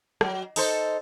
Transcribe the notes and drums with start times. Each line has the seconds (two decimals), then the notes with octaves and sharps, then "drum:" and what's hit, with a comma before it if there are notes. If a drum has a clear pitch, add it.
0.21 F#3, drum: rim click
0.56 D#4 A4 C5, drum: open hi-hat